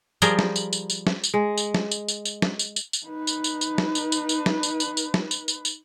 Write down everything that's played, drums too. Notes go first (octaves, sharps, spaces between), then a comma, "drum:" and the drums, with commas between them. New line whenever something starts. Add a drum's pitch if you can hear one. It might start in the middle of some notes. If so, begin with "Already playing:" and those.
F3 G3 G4 G#4 A#4, drum: tambourine
drum: snare
drum: tambourine
drum: tambourine
drum: tambourine
drum: snare
drum: tambourine
G#3
drum: tambourine
drum: snare
drum: tambourine
drum: tambourine
drum: tambourine
drum: snare
drum: tambourine
drum: tambourine
drum: tambourine
D#4 B4
drum: tambourine
drum: tambourine
drum: tambourine
drum: snare
drum: tambourine
drum: tambourine
drum: tambourine
drum: snare
drum: tambourine
drum: tambourine
drum: tambourine
drum: snare
drum: tambourine
drum: tambourine
drum: tambourine